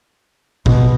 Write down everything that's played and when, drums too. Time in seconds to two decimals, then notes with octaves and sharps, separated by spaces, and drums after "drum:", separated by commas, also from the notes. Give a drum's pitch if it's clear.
0.66 B2, drum: kick